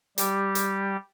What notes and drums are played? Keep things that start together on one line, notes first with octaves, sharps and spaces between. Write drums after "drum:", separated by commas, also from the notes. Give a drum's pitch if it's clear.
G3 G4, drum: hi-hat
drum: hi-hat